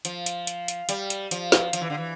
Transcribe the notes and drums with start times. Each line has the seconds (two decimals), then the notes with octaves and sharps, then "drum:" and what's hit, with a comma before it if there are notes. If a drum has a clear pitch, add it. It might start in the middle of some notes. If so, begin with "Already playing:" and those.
0.05 F3, drum: hi-hat
0.26 drum: hi-hat
0.47 drum: hi-hat
0.68 drum: hi-hat
0.89 G3, drum: hi-hat
1.10 drum: hi-hat
1.31 F3, drum: hi-hat
1.52 drum: snare
1.73 F3, drum: hi-hat
1.81 E3
1.90 D3
1.97 E3